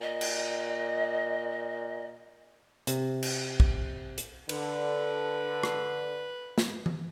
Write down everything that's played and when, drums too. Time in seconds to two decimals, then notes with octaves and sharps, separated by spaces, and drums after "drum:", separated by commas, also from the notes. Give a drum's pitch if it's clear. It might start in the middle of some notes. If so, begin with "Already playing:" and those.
0.01 A#2 D#5
0.21 drum: cymbal
2.87 C3, drum: hi-hat
3.23 drum: cymbal
3.60 drum: kick
4.18 drum: hi-hat
4.49 D3 B4, drum: cymbal
5.63 drum: rim click
6.58 drum: snare
6.86 drum: tom E3